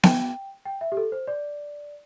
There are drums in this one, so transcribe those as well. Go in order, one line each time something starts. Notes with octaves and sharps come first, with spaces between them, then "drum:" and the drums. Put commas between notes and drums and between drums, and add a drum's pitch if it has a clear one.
G5, drum: snare B3
G5
E5
G4
A4
C5
D5